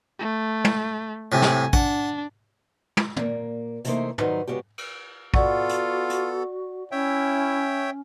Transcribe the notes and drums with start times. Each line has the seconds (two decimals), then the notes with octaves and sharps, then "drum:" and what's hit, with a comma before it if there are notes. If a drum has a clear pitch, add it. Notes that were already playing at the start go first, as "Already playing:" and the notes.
0.19 A3
0.64 drum: tom
1.32 A2 C3 G#5
1.42 drum: snare
1.73 D4 F#5, drum: kick
2.97 drum: tom
3.16 A#2 A#3, drum: tom
3.84 C3 E3 A3 A#3 D#4 C5, drum: hi-hat
4.18 D#3 F#3 G3 D#4 B4 C5, drum: tom
4.48 C#3 G#3 B3 C#4 F#4 G4
4.78 drum: cymbal
5.34 B3 F4 F#4 A4 D5 F#5 C#6, drum: kick
5.69 drum: hi-hat
6.10 drum: hi-hat
6.92 C#4 E4 C#5 E5 G5